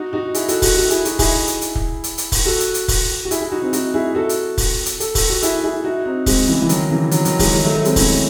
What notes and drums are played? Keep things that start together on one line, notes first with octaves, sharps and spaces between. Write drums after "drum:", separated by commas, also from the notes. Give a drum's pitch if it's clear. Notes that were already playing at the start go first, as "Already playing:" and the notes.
Already playing: D#4 F#4
D#4 F#4
E4 G#4, drum: hi-hat
F#4 A4, drum: hi-hat
F#4 A4, drum: kick, open hi-hat
F#4 A4
E4 G#4, drum: hi-hat
D#4 F#4, drum: hi-hat
E4 G#4, drum: kick, open hi-hat
drum: hi-hat
drum: hi-hat
drum: kick
drum: hi-hat
drum: hi-hat
drum: kick, open hi-hat
F#4 A4
drum: hi-hat
drum: hi-hat
drum: kick, open hi-hat
F#4
E4 G#4, drum: hi-hat
E4 G#4
D#4 F#4
C4 D#4
D#4 F#4, drum: hi-hat
E4 G#4
F#4 A4
drum: hi-hat
drum: kick, open hi-hat
drum: hi-hat
A4, drum: hi-hat
A4, drum: kick, open hi-hat
F#4 A4
E4 G#4, drum: hi-hat
E4 G#4
D#4 F#4
C4 D#4
G#3 C4, drum: kick, open hi-hat
C#3 E3
E3
D#3 F#3, drum: hi-hat
C#3 E3
D#3 F#3, drum: hi-hat
D#3 F#3, drum: hi-hat
E3 G#3, drum: kick, open hi-hat
D#3 F#3
F#3 A3
F#3 A3
G#3 C4, drum: hi-hat
C#4 E4, drum: kick, open hi-hat